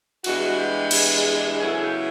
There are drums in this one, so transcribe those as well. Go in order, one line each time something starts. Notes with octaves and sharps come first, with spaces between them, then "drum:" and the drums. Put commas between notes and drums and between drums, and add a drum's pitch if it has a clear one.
G2 E3 G#3 B3 F#4, drum: cymbal
G4
G#4, drum: cymbal
C#3 F#3 B3 E4 G#4
A4
G#4
G4